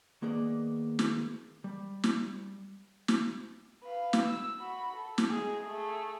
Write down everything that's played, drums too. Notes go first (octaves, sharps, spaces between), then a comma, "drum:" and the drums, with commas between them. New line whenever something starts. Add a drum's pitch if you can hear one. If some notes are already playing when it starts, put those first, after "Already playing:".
D#3 A#3 B3 G#4 D5
drum: snare
G3
drum: snare
drum: snare
B4 F5
drum: snare
E6
F#4 B5
A4
drum: snare
G#3 G#4
A3 G#4